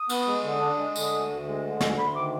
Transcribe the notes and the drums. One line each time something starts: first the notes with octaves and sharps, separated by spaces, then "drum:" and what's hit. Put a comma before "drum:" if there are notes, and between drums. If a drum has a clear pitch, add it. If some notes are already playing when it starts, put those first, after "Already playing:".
Already playing: D#6
B3, drum: cymbal
G#3
D3
D4
G#3
D3, drum: tambourine
D2
D2
G#3
D3
D2, drum: snare
D2 B5
C6
D#3 D6